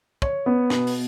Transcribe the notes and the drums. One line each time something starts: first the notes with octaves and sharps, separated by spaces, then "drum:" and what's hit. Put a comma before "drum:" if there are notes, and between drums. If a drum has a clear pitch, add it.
C#5, drum: kick
B3
B2, drum: snare
drum: open hi-hat